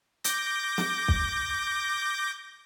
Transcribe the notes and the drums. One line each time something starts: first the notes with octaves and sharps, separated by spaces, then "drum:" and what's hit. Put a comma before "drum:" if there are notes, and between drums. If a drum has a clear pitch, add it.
D6 G6 A#6, drum: hi-hat
drum: snare
drum: kick